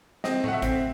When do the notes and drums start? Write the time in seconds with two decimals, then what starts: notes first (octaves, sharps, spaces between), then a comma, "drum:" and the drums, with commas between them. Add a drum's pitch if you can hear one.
0.24 C4 D#5, drum: snare
0.44 A3 F#5, drum: tom A2
0.53 E5
0.62 C4, drum: kick, hi-hat